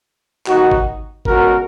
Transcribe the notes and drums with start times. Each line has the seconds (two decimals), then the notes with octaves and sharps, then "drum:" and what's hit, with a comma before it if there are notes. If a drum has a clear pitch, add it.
0.46 D#2 D#3 D#4 F#4, drum: clap
0.71 drum: kick G#1
1.25 C#2 B2 F#4 A#4, drum: kick G#1